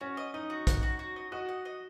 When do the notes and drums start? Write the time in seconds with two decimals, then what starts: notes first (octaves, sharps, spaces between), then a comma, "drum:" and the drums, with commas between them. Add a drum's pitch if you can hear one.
0.01 C#4 F#4
0.17 D#5
0.34 D#4 D#5
0.50 F#4
0.67 F#5, drum: kick A#1, hi-hat
0.83 F#4
0.99 F#4
1.16 D#5
1.32 F#4 D#5
1.49 F#5
1.65 D#5